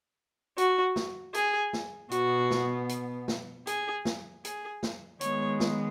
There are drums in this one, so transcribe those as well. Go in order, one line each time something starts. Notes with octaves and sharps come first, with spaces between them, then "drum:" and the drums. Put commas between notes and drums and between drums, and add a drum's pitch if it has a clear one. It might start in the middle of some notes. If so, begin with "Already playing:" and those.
F#4, drum: hi-hat
drum: snare
G#4, drum: hi-hat
drum: snare
B2 B3 F#4, drum: hi-hat
drum: snare
drum: hi-hat
drum: snare
G#4, drum: hi-hat
drum: snare
G#4, drum: hi-hat
drum: snare
D#3 G#3 B3 C#5, drum: hi-hat
drum: snare